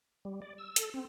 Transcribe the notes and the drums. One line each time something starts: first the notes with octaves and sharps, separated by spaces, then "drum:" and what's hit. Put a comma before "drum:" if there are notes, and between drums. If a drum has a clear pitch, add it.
G3
D5
E6
A4, drum: hi-hat
C4